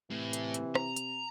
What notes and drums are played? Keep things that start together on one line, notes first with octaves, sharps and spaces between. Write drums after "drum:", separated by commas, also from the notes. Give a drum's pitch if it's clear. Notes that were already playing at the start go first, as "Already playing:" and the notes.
A2 C3 E3
drum: hi-hat
drum: hi-hat
A#5, drum: rim click
drum: hi-hat